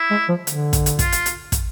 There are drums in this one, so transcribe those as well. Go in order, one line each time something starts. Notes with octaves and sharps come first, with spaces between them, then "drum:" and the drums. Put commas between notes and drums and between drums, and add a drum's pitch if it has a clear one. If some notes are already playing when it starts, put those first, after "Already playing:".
Already playing: E4
G#3
F3
D3, drum: hi-hat
drum: kick, hi-hat
drum: hi-hat
F4, drum: kick, hi-hat
drum: hi-hat
drum: hi-hat
drum: kick, hi-hat